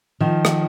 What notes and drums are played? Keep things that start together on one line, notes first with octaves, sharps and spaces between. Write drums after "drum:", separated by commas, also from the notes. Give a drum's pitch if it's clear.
D#3 F3
drum: rim click